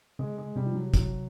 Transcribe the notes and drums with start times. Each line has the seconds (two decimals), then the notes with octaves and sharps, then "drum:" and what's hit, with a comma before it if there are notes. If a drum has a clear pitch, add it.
0.19 C#3 G#3
0.38 G#3
0.56 C3 G3
0.66 F3
0.75 F#3
0.94 F#3, drum: kick, hi-hat